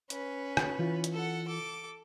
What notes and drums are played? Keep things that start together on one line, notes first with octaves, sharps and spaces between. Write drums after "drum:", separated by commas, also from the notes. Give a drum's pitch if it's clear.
C#4 B4, drum: hi-hat
drum: rim click
E3 F4
drum: hi-hat
A4 F#5
A4 D6